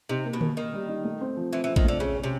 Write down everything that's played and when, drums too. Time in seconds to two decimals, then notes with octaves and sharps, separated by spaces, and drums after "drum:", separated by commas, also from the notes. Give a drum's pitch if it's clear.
0.09 C3 D#4
0.25 A#3
0.33 B2
0.41 A#3, drum: tom D3
0.57 D#3 A#3
0.74 G3
0.88 D#4
1.05 A3
1.21 C4
1.37 F3
1.53 E3 C4
1.64 E3
1.68 C4
1.76 D#3, drum: kick A1
1.84 D3 A3
2.00 C#3 C#4
2.16 C#4
2.24 C3